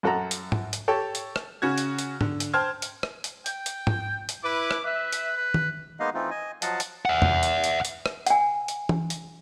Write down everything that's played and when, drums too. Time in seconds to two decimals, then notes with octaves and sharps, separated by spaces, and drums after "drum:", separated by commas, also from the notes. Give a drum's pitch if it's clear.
0.03 F#2 F#4 A4 F#5 A#5
0.31 drum: hi-hat
0.52 drum: tom G#2
0.73 drum: hi-hat
0.88 G4 A4 C#5
1.15 drum: hi-hat
1.36 drum: rim click
1.62 C#3 C#4 F#4 G#6
1.78 drum: hi-hat
1.99 drum: hi-hat
2.21 D3, drum: tom G#2
2.40 drum: hi-hat
2.54 C5 G5 A5 C6 F6 G#6
2.82 drum: hi-hat
3.03 drum: rim click
3.24 drum: hi-hat
3.46 G5, drum: hi-hat
3.66 drum: hi-hat
3.87 drum: tom G#2
4.29 drum: hi-hat
4.44 E4 B4 D6
4.71 drum: rim click
4.85 B4 E5
5.13 drum: hi-hat
5.37 B4
5.54 drum: tom D#3
6.00 G#3 A#3 B3 D#4 D#5 F5
6.14 E3 A3 C4 D#4 F4
6.31 D#5 G#5
6.62 F3 F#3 D#5 F5 F#5 A5, drum: hi-hat
6.80 drum: hi-hat
7.05 E5 F#5
7.22 drum: tom E2
7.43 drum: hi-hat
7.64 drum: hi-hat
7.85 drum: hi-hat
8.06 drum: rim click
8.27 F#5 G#5, drum: hi-hat
8.68 drum: hi-hat
8.89 drum: tom E3
9.10 drum: hi-hat